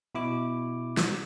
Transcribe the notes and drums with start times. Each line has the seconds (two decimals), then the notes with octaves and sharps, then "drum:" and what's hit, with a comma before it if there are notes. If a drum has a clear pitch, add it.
0.15 B2 E4 D6
0.97 drum: snare